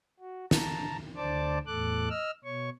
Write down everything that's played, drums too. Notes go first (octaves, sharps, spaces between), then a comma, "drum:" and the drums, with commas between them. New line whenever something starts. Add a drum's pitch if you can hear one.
F#4
A5 A#5, drum: snare
D2 D3 C5 D5 A5 D6
E2 A2 A4 D6 F#6
D#5 E6 F6
B2 C#5 C#6